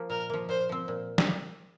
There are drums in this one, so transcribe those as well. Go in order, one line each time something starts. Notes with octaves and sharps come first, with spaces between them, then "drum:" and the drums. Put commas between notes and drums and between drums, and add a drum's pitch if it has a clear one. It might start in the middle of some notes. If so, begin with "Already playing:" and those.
Already playing: F3 A#3
A#2 A#4
F3 A#3
A#2 C5
F3 C4
A#2
drum: snare